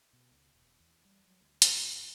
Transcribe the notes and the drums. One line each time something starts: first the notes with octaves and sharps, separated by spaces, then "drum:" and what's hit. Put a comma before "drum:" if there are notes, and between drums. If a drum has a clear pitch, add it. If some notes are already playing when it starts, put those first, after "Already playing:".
B2
C#2
E1
E2
G3
F#3
D2
D#3, drum: hi-hat
B2
F#2